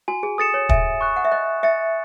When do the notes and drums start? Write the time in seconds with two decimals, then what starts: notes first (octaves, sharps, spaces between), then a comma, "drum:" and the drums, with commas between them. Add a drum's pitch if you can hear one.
0.08 F#4 G#5
0.23 G#4
0.38 A4 D#6 A6 C#7 E7
0.54 C#5
0.69 E5 G#5, drum: kick
1.01 C#6 F#6
1.16 F#5
1.25 E5
1.31 D#5 F#6
1.63 E5 A6 C#7